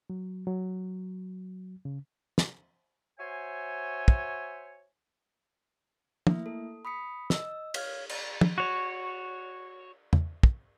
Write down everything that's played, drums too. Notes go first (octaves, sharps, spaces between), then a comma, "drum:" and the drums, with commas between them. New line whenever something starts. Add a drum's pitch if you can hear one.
F#3
F#3
C#3
drum: snare
F#4 C5 C#5 E5 G#5
drum: kick
A3 A#3 E4 E5, drum: tom
A4
B5 D#6 B6 C#7
D#5 E6, drum: snare
C#5 F5 F6 G#6, drum: cymbal
drum: cymbal
drum: tom
F#4 C#5
drum: tom
drum: kick